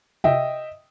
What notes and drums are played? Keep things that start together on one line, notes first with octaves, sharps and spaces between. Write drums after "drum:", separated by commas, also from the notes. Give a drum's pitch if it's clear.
D#5 E5 G5, drum: tom C3